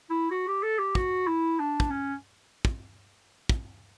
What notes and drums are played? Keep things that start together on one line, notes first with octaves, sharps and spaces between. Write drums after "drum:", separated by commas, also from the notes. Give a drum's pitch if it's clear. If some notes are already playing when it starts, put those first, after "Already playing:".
E4
F#4
G4
A4
G4
F#4, drum: kick
E4
D4
drum: kick
C#4
drum: kick
drum: kick